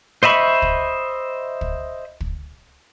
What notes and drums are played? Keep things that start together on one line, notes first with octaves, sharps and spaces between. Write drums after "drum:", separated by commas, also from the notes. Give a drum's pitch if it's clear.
C5 D#5 E5 B5 C#6
drum: kick
drum: kick
drum: kick